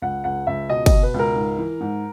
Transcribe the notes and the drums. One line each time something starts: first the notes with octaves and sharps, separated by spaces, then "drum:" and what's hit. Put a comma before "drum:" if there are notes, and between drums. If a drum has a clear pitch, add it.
C#2 F#5
C#2 F#5
C#2 E5
B2 D#5
D#5, drum: kick, cymbal
B2
B4
C#2 A#4
G#2
E3
G#2